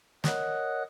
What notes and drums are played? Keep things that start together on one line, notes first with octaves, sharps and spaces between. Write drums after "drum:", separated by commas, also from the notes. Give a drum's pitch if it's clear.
A#4 C#5 D#5 F#5 D#6 F#6, drum: snare